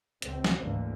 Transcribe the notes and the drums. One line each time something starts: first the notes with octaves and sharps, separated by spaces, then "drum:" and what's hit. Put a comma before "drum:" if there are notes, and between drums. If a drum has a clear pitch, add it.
C#2 C4, drum: hi-hat
drum: snare
G#1 D2 D3 E3 A#3